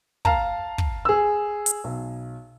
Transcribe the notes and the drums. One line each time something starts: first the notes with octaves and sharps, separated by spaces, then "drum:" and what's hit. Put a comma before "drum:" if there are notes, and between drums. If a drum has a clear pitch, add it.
F5 A5 A#5, drum: kick
drum: kick
G#4 E6
drum: hi-hat
B1